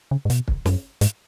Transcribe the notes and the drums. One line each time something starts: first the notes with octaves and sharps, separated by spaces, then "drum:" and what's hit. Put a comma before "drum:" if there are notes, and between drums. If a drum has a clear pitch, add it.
C#3
G#2
B2, drum: hi-hat
drum: kick
F#2, drum: snare
G#2, drum: hi-hat